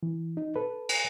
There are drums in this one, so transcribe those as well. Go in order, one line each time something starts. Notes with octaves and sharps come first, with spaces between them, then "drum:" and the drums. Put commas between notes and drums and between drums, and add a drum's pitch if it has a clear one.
E3
D#4
A4 B4
drum: cymbal